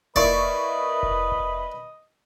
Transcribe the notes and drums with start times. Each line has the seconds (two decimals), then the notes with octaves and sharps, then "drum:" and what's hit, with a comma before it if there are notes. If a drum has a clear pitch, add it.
0.16 A#3 E4 B4 D5 D#5 C#6, drum: kick F1
1.03 drum: kick F1
1.32 drum: kick F1